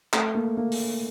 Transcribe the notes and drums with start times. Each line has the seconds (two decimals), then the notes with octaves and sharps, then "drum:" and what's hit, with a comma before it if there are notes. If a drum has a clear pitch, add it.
0.13 A3, drum: clap
0.35 A#3
0.57 A#3
0.72 drum: open hi-hat